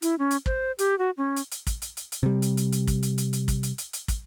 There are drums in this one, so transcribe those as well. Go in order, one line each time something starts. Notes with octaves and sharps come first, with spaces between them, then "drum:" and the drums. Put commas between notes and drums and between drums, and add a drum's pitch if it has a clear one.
E4, drum: hi-hat
C#4
drum: hi-hat
C5, drum: kick
G4, drum: hi-hat
F#4
C#4
drum: hi-hat
drum: hi-hat
drum: kick, hi-hat
drum: hi-hat
drum: hi-hat
drum: hi-hat
C3 G3
drum: hi-hat
drum: hi-hat
drum: hi-hat
drum: kick, hi-hat
drum: hi-hat
drum: hi-hat
drum: hi-hat
drum: kick, hi-hat
drum: hi-hat
drum: hi-hat
drum: hi-hat
drum: kick, hi-hat